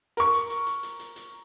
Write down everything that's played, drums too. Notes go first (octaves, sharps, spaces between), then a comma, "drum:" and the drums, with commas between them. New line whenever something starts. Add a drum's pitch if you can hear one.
A#4 C#6, drum: hi-hat
drum: hi-hat
drum: hi-hat
drum: hi-hat
drum: hi-hat
drum: hi-hat
drum: hi-hat